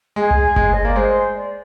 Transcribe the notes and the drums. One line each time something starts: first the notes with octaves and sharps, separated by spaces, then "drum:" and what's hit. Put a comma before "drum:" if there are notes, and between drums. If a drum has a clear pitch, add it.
G#3 G#4
drum: tom C2
G#3, drum: kick G1
D#5
A#3 D5
G#3 C5
D5